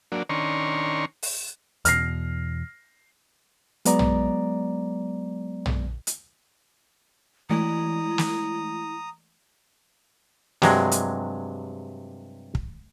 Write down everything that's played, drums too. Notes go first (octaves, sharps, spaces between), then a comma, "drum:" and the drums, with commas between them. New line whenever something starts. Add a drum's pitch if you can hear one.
F#3 A#3 D4
D#3 C#4 D4 A#5 C6 C#6
drum: open hi-hat
E2 B2 F6 A#6 C7, drum: hi-hat
F#3 G#3 B3 D5 A#5, drum: hi-hat
drum: tom
drum: tom
drum: hi-hat
E3 G#3 A3 E4 A#5 D#6
drum: snare
G2 C3 F#3 G#3, drum: snare
drum: hi-hat
drum: kick